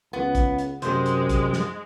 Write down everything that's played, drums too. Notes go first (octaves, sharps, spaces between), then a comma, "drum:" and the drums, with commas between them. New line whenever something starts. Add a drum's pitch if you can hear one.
C#2 B3
drum: kick, hi-hat
drum: hi-hat
F#2 C3 G#3 C5, drum: hi-hat
drum: hi-hat
drum: kick, hi-hat
drum: snare